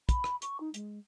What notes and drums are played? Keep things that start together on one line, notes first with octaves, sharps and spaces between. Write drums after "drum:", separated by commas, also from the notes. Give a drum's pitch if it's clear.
B5, drum: kick, hi-hat
drum: rim click
C#6, drum: hi-hat
D#4
G#3, drum: hi-hat